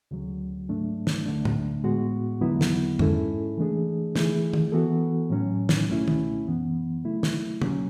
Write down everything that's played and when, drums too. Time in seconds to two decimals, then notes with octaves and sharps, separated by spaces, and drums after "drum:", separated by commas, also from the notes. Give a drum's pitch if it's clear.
0.11 D2 C#3 F#3
0.69 G#2 F#3 A3 D4
1.07 drum: snare
1.26 D2 D3 A3 D4
1.45 drum: tom A2
1.84 A2 G#3 B3 F#4
2.41 E2 D3 F#3 B3 E4
2.61 drum: snare
2.99 G#2 G#3 C#4 E4 A4, drum: tom F2
3.58 C#3 E3 A3 D4 G#4
4.16 E3 A3 E4 G#4, drum: snare
4.54 drum: tom
4.72 E3 B3 F#4 A4
5.30 A2 F#3 C#4
5.69 drum: snare
5.89 C#2 B2 A3 C#4 E4
6.08 drum: tom
6.46 F#2 E3 B3
7.04 C#3 F#3 A3 E4
7.23 drum: snare
7.62 B2 F#3 C#4, drum: tom